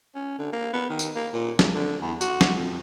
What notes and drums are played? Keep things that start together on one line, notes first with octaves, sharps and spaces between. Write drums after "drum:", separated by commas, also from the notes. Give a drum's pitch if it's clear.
C#4
D3
A#3
B3
D#3
drum: tambourine
A#3
A#2
C#2, drum: snare
D3
E2
F#4, drum: tambourine
drum: snare
F2